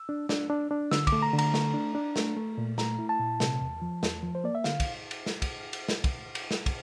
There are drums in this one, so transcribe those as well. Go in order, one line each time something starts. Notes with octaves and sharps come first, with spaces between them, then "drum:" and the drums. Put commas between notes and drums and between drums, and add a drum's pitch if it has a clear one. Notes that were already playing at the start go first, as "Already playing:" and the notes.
Already playing: E6
D4
D4, drum: snare
D4
D4
D3 E6, drum: snare
D6, drum: kick, cymbal
A3
A#5
D3
A#5, drum: cymbal
A3, drum: snare
D4
D4
A3, drum: snare
A3
A#2
A3 A#5, drum: snare
E4
A5
A#2
C3, drum: snare
E2
F3
E2, drum: snare
F3
C5
A#3 D5
E5
D3 F5, drum: snare
drum: kick, cymbal
drum: cymbal
drum: snare
drum: kick, cymbal
drum: cymbal
drum: snare
drum: kick, cymbal
drum: cymbal
drum: snare
drum: kick, cymbal